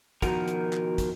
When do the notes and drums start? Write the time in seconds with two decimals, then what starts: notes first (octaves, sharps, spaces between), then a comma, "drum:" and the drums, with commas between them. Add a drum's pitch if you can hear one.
0.22 B2 D#3 F3 F#4 A#4 A#5, drum: kick, hi-hat
0.48 drum: hi-hat
0.73 drum: clap
0.98 drum: kick, hi-hat